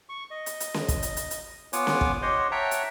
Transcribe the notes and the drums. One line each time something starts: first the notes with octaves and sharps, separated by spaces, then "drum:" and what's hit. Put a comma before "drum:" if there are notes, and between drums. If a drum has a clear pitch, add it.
C#6
D#5
drum: hi-hat
drum: hi-hat
drum: snare C#4
drum: kick, hi-hat
drum: hi-hat
drum: hi-hat
drum: hi-hat
B3 F4 C#5 F#5 G#5 D6, drum: hi-hat
drum: snare C#4
drum: kick
G4 C5 C#5 D#5 F#5 C6
C#5 E5 F#5 G5 A5 A#5
drum: hi-hat